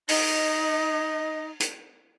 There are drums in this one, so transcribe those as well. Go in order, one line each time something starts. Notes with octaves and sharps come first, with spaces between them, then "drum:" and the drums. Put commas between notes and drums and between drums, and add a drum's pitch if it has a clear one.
D#4 D#5, drum: open hi-hat
drum: hi-hat